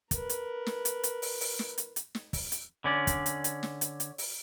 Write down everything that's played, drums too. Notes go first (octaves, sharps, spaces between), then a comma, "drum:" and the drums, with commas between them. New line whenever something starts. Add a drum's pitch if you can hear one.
A#4 B4, drum: kick, hi-hat
drum: hi-hat
drum: snare
drum: hi-hat
drum: hi-hat
drum: open hi-hat
drum: open hi-hat
drum: snare
drum: hi-hat
drum: hi-hat
drum: snare
drum: kick, open hi-hat
drum: hi-hat
D3 C#4 D5
drum: kick, hi-hat
drum: hi-hat
drum: hi-hat
drum: snare
drum: hi-hat
drum: hi-hat
drum: open hi-hat